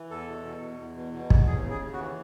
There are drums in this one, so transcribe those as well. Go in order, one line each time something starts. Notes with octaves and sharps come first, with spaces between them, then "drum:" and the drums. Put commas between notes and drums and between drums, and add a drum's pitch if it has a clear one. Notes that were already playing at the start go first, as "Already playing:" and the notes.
Already playing: E3
E2 A4
B2
B2
E2
E2
B2
B2
E2, drum: kick
D#2 G#4
C#3
G#4
D#2
F#4
E3